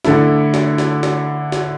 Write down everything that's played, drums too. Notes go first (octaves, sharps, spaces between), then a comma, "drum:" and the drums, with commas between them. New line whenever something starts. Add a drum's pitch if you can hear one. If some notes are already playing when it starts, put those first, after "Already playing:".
D3 A3 E4, drum: snare
drum: snare
drum: snare
drum: snare
drum: snare